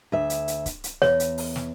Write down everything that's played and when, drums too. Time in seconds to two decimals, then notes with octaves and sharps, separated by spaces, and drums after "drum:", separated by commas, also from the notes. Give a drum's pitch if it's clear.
0.12 D2 E5
0.30 drum: hi-hat
0.48 drum: hi-hat
0.66 drum: kick C#1, hi-hat
0.84 drum: hi-hat
1.02 E2 C#5, drum: snare
1.20 drum: hi-hat
1.38 drum: open hi-hat
1.56 drum: snare